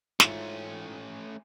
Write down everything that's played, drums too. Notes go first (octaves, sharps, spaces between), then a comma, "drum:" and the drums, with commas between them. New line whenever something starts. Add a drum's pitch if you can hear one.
G#2 A3 C#4 E4 F4, drum: snare